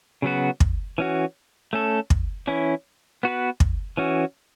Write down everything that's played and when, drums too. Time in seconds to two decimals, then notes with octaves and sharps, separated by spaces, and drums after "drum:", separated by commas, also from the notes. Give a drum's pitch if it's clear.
0.22 C#3 F#3 B3 F#4
0.60 drum: kick
0.98 E3 C#4 F#4
1.73 A3 C#4 A4
2.10 drum: kick
2.47 E3 C#4 E4
3.23 B3 F#4 B4
3.60 drum: kick
3.97 E3 C#4 F#4